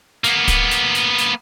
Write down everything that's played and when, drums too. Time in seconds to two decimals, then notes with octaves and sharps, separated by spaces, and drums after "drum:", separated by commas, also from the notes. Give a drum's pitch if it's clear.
0.24 A#3 B3, drum: hi-hat
0.48 drum: kick, hi-hat
0.71 drum: hi-hat
0.95 drum: hi-hat
1.18 drum: hi-hat